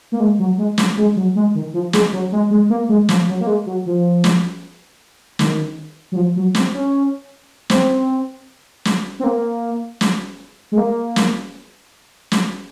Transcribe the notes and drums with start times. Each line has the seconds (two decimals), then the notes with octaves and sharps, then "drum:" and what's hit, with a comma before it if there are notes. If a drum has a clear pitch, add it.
0.12 A#3
0.20 G#3
0.39 F#3
0.58 G#3
0.78 drum: snare
0.97 G#3
1.16 F#3
1.35 G#3
1.55 D#3
1.74 F3
1.93 G#3, drum: snare
2.13 F#3
2.32 G#3
2.50 G#3
2.70 A#3
2.89 G#3
3.09 F3, drum: snare
3.28 F#3
3.40 A#3
3.47 G#3
3.66 F#3
3.86 F3
4.24 drum: snare
5.39 D#3, drum: snare
6.12 F#3
6.16 F3
6.36 F#3
6.55 C4, drum: snare
6.74 C#4
7.70 C4, drum: snare
8.85 drum: snare
9.20 C4
9.24 A#3
10.01 drum: snare
10.72 G#3
10.77 A#3
11.16 drum: snare
12.32 drum: snare